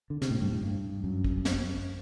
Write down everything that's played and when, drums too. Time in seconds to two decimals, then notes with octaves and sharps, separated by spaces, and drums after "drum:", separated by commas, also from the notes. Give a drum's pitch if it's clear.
0.10 D3
0.22 C3, drum: snare
0.31 A2
0.41 G2
0.52 A2
0.63 G2
1.04 F#2
1.24 drum: kick
1.45 drum: snare